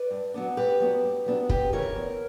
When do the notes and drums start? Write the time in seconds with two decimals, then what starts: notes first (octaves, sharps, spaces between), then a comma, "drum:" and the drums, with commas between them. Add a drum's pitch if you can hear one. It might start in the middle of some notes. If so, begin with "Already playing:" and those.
Already playing: B4 D5
0.10 G2
0.34 F#3 B3 D4
0.57 G2 G4 B4
0.80 F#3 B3 D4
1.04 G2
1.26 F#3 B3 D4
1.49 E2 G4 B4, drum: kick
1.73 C#3 E3 A#4 C#5
1.96 E2